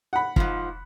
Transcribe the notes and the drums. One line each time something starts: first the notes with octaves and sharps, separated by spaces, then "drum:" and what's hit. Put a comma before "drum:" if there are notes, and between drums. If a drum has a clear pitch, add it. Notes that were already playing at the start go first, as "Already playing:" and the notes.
F#5 B5
G#2 F3, drum: kick